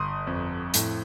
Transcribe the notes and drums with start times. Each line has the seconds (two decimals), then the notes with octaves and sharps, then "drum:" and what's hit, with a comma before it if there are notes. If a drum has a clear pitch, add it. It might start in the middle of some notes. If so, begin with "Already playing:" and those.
Already playing: G1 C6 D#6
0.27 F2
0.74 A2, drum: hi-hat